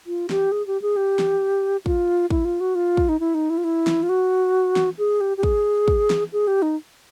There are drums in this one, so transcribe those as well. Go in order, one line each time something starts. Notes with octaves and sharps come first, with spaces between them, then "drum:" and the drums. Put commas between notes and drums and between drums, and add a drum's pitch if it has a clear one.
F4
G4, drum: snare
G#4
G4
G#4
G4
drum: snare
F4, drum: kick
E4, drum: kick
F4
F#4
F4
drum: kick
D#4
E4
D#4
E4
F4
E4
drum: snare
F4
F#4
drum: snare
G#4
G4
G4
G#4, drum: kick
drum: kick
drum: snare
G#4
G4
D#4